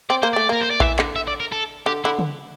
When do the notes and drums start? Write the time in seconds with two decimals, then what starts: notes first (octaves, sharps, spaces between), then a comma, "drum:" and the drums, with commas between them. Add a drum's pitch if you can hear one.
0.10 C4 D5
0.22 A#3 C5
0.33 A3 D5
0.49 A#3 A#4
0.61 C5
0.70 D5
0.80 E3 E5, drum: kick A#1
0.99 D3, drum: clap
1.16 E5
1.28 D5
1.40 A#4
1.52 A4
1.86 D3 G4
2.04 D3 E4
2.19 drum: tom C#3